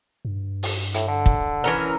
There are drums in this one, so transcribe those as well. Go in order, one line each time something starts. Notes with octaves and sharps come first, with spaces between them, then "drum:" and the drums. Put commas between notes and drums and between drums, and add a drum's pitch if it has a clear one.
G2
drum: open hi-hat
A2, drum: hi-hat
D3
drum: kick
E3 C#4 A#4